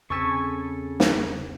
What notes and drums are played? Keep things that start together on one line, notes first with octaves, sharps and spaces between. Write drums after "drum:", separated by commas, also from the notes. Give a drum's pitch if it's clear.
E2 C#3 C4 A4 G#5 C#6 E6 B6
drum: snare